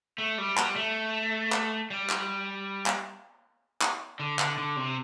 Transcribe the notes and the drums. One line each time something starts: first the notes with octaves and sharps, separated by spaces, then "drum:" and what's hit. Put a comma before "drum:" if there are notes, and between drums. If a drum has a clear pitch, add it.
A3
G3
G3, drum: clap
A3
drum: clap
G3
drum: clap
drum: clap
drum: clap
D3
D3, drum: clap
D3
C3